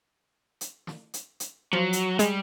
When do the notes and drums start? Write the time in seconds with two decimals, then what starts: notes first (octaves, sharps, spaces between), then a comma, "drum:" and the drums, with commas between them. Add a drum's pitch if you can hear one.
0.61 drum: hi-hat
0.87 drum: snare
1.14 drum: hi-hat
1.40 drum: hi-hat
1.73 F3 F#3
1.93 drum: hi-hat
2.19 G3 G#3, drum: hi-hat